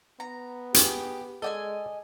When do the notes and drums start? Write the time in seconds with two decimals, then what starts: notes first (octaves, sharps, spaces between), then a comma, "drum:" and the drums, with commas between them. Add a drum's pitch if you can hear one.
0.20 B3 A#5
0.74 G4 G#4, drum: hi-hat
1.42 G#3 A4 D5 D#5 G5 G#5